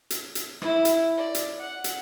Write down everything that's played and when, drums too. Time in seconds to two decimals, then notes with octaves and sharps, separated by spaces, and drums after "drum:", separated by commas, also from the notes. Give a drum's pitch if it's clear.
0.10 drum: hi-hat
0.35 drum: hi-hat
0.62 E4, drum: rim click
0.85 drum: hi-hat
1.17 D5
1.35 drum: hi-hat
1.59 F#5
1.84 drum: hi-hat